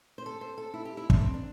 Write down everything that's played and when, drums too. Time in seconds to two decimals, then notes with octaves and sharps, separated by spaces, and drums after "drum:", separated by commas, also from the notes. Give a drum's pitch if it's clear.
0.18 C5
0.26 A4
0.41 C5
0.58 A4
0.74 E4
0.85 G4
0.97 E4
1.10 D4, drum: kick
1.21 C4
1.34 D4